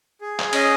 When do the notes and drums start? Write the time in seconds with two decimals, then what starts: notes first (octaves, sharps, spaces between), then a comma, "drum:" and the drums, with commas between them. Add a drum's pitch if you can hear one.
0.21 G#4
0.40 drum: clap
0.53 C#4 D#5 D#6, drum: cymbal